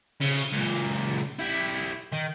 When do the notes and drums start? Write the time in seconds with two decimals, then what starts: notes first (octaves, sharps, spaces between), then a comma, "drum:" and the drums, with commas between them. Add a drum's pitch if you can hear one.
0.21 C#3, drum: open hi-hat
0.53 C#2 A#2
1.39 E4 G4
2.13 D#3